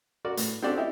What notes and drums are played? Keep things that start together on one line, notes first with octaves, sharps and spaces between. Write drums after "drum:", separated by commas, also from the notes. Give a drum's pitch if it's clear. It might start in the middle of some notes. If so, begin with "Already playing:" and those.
F#4 A#4 D5
A2, drum: hi-hat
C4 D4 F#4 G4 A4 D5
E4 G4 D#5